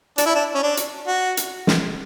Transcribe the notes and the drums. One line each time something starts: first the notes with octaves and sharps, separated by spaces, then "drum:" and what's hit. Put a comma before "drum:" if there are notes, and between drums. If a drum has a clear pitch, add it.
D4, drum: hi-hat
E4
D4
C#4
D4
drum: hi-hat
F#4
drum: hi-hat
drum: snare